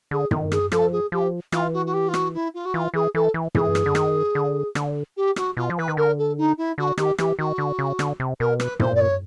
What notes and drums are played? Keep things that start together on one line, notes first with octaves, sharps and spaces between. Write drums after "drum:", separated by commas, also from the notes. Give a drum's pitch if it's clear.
D3 G#4
D#3, drum: tom
G#4, drum: rim click
F3 A4, drum: rim click
G#4
F3 G4
E3 F4, drum: rim click
F#4
F#4
G4
F4
F#4, drum: rim click
E4
F4
F#4
E3 F4
E3 G#4
E3 A4
E3
E3 G#4, drum: tom
drum: rim click
D3
D#3, drum: rim click
D3
D3, drum: rim click
G4
F#4, drum: rim click
B2 F4
F3
E3 B4
D#3
D3 A#4
A4
D#4
E4
D3 F#4
D#3 G4, drum: rim click
E3 G4, drum: rim click
D#3 F#4
D3
C#3
D3, drum: rim click
C3
B2 A#4
B4, drum: rim click
A#2 C5, drum: tom
D5
C#5